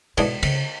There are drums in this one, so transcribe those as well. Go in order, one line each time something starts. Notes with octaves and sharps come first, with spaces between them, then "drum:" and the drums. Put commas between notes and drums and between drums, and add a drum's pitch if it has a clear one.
G#2 B2 E3 B3 D4, drum: cymbal
C#3, drum: cymbal